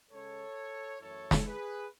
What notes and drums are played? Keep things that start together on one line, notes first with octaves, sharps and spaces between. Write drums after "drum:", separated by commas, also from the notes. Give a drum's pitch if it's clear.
C#3 G#3 C#4 A4 C#5
F#2 E3 A3 E4 A4 C#5
drum: snare
G#4 B4